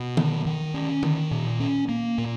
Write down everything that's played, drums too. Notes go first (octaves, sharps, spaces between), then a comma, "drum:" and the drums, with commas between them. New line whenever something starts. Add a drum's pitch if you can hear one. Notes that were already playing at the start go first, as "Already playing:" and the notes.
Already playing: B2
D#3, drum: tom
D#3
C#4
D#3, drum: tom D3
A#2
C#4
A#3
A#2